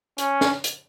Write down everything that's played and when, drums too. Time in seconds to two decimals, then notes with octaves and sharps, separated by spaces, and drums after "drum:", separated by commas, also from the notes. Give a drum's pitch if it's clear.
0.18 C#4, drum: hi-hat
0.41 drum: snare
0.64 drum: hi-hat